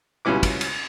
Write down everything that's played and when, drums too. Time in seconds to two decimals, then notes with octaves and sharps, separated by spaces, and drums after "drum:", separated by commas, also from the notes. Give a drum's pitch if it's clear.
0.25 C#2 B2 G3 C#4 E4 D6
0.43 drum: kick, cymbal
0.61 drum: cymbal